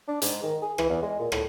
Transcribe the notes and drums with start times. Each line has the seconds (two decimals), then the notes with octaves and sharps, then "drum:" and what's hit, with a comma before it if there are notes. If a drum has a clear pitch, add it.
0.08 D4
0.22 G#2, drum: hi-hat
0.43 D#3
0.62 G#4
0.78 E3, drum: rim click
0.90 E2
1.03 G#3
1.20 A#2
1.32 A2, drum: rim click